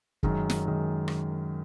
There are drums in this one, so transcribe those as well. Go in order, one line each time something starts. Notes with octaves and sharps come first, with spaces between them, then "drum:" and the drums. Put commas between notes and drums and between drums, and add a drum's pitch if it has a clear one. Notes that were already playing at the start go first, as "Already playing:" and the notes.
F#2 D#3 G#3, drum: kick
drum: snare
D#3 G#3
drum: rim click